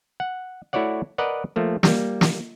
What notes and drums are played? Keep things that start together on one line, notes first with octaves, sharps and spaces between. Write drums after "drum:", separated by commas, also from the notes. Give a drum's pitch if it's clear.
F#5
A3 E4 F#4 C#5 D5 F#5
A#4 B4 D5 D#5 F#5
F3 A3 A#3
G3 A#3, drum: snare
drum: snare